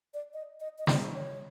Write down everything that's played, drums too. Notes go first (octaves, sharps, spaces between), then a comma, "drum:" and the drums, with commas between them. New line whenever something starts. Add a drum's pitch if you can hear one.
D5
D#5
D#5
D#5
D5, drum: snare
C#5